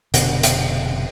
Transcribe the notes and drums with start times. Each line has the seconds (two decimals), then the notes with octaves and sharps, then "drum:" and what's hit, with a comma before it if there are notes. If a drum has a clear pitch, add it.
0.14 F1 B2 D3, drum: hi-hat
0.43 drum: hi-hat